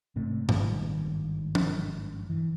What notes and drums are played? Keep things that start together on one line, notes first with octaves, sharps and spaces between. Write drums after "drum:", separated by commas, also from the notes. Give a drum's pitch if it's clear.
G#2 C3 A3
G#1 G2 D#3 A#3, drum: tom G#2
drum: tom
E3